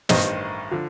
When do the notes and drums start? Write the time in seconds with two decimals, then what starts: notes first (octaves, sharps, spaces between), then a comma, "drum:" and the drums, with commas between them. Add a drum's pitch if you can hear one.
0.09 A1 G2 D#3 C5 D#5, drum: snare
0.71 D3 F3